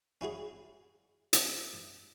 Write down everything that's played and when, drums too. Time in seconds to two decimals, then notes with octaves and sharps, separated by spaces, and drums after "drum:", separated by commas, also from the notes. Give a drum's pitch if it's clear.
0.21 C#4 E4 F#4 G#4
1.33 drum: hi-hat